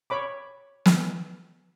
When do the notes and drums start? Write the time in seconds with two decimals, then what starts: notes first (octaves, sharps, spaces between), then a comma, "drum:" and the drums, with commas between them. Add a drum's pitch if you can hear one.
0.10 C#5 B5 D6
0.86 drum: snare